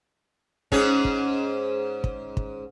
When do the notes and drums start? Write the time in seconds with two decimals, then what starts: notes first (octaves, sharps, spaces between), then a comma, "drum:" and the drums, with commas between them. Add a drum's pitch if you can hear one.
0.72 G#2 C#4 G#4, drum: kick
1.05 drum: kick
2.04 drum: kick
2.37 drum: kick